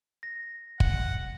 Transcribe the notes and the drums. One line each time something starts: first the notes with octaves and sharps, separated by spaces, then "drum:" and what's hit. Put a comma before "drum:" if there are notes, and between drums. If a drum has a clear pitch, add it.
A#6
F#5, drum: kick